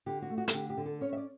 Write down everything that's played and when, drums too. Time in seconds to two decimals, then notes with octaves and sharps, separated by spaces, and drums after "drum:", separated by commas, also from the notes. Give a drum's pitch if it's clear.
0.06 D3 G4
0.22 F#4
0.30 A3
0.38 F#4
0.48 A4, drum: hi-hat
0.54 D3 G4
0.70 G4
0.77 D3
0.86 A4
1.01 C#4 C#5
1.13 E5
1.17 D5